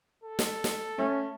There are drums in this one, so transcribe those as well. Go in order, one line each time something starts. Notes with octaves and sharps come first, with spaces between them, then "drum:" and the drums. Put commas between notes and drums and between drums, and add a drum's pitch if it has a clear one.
A4
drum: snare
drum: snare
A3 C#4